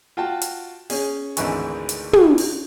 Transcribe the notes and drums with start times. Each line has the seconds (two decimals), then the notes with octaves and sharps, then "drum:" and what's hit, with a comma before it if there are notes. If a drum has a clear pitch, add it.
0.17 F4 F#4 G5 A5
0.42 drum: hi-hat
0.90 C#4 G#4, drum: open hi-hat
1.37 G#1 D2 G#2 E3 G#5 C#6, drum: hi-hat
1.89 drum: hi-hat
2.13 drum: tom
2.38 drum: open hi-hat